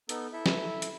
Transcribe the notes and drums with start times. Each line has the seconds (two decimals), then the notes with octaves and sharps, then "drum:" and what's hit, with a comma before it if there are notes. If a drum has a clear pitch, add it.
0.09 B3 D#4 A4, drum: hi-hat
0.32 E4 A4 E5
0.46 drum: snare
0.82 drum: hi-hat